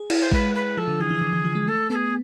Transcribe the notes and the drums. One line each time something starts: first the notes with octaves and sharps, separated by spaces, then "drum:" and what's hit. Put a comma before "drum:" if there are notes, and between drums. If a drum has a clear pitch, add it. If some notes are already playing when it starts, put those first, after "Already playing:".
Already playing: G#4
E4, drum: cymbal
C5
G#3 B4, drum: kick A1
B4
F3 A4
D3
E3 G#4
E3
D3
E3
F3
G#3
A3 A4
B3 G#4 A4